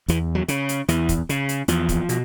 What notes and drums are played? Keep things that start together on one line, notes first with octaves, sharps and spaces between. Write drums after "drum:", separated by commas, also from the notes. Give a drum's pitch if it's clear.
E2 E3, drum: hi-hat
F#3
C#3, drum: hi-hat
drum: hi-hat
E2 E3, drum: hi-hat
drum: kick, hi-hat
C#3, drum: hi-hat
drum: hi-hat
E2 F3, drum: hi-hat
drum: kick, hi-hat
B2, drum: hi-hat